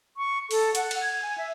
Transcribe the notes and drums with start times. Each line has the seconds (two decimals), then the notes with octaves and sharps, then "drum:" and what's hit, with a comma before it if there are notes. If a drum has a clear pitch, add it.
0.17 C#6
0.51 A4, drum: open hi-hat
0.75 F#5, drum: hi-hat
0.91 drum: cymbal
1.02 G#6
1.22 G#5
1.38 E5